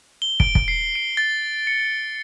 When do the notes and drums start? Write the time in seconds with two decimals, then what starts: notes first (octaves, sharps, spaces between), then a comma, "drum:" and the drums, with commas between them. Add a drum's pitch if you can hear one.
0.22 G7
0.40 D7, drum: kick
0.55 drum: kick
0.68 C7
0.95 D7
1.17 A6
1.67 C#7